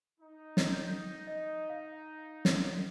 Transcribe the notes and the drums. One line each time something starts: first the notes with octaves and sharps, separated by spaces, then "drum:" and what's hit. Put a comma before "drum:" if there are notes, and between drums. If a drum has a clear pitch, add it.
D#4
drum: snare
G6
D#5
F5
drum: snare